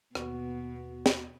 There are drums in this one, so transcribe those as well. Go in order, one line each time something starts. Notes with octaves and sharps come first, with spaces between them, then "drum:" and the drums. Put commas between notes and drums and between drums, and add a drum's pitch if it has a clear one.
D#2 B2 B3 F#4, drum: rim click
drum: snare